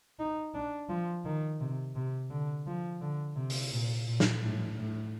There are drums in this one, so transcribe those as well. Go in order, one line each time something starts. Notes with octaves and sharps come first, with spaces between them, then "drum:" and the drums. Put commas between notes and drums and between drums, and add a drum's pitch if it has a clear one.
D#4
D4
F3
D#3
C3
C3
D3
F3
D3
C3
drum: open hi-hat
A#2
A#2
drum: snare
A2
A2